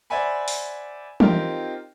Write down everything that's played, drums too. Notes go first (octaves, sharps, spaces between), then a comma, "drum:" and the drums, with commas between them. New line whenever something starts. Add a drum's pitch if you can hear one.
C5 D5 E5 F#5 G#5 B5
drum: open hi-hat
C4 D#4 F4 G4 A#4, drum: tom